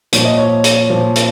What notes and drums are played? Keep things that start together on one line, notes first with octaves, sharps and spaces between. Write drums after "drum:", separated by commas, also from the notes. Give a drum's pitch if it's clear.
A#2 F3 C#5, drum: hi-hat
D#5
C#5
drum: hi-hat
A#2 F3
drum: hi-hat